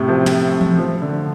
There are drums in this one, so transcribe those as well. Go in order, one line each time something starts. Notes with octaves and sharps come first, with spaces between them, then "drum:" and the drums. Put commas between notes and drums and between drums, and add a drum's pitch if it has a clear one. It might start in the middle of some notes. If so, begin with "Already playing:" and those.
Already playing: A2 C3
F3
drum: snare
drum: tom E3
F3
D3